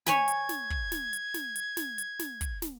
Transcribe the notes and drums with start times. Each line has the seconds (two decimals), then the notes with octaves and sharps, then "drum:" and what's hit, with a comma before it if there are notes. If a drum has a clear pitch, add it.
0.06 C#5 G#5 B5 G#6, drum: snare
0.28 drum: hi-hat
0.49 drum: snare
0.70 drum: kick
0.92 drum: snare
1.13 drum: hi-hat
1.34 drum: snare
1.56 drum: hi-hat
1.77 drum: snare
1.98 drum: hi-hat
2.19 drum: snare
2.41 drum: kick, hi-hat
2.62 drum: snare